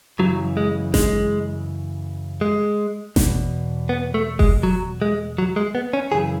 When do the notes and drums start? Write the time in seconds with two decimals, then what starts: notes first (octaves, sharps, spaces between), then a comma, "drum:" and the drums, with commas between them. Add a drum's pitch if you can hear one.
0.19 F#2 C#3 E3 F#3
0.57 G#3
0.94 G#3, drum: snare G#1
2.41 G#3
3.16 E2 B2, drum: snare G#1
3.89 B3
4.14 A3
4.39 G#3, drum: kick F#1
4.63 F#3
5.02 G#3
5.38 F#3
5.56 G#3
5.75 B3
5.93 C#4
6.12 F#2 C#3 E3 G#4